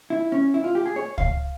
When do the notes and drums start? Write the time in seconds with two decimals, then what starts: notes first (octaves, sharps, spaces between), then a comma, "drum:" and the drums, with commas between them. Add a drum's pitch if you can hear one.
0.10 E4
0.32 C#4
0.54 E4
0.64 F4
0.75 G4
0.86 G#4
0.96 C#5
1.18 F5, drum: kick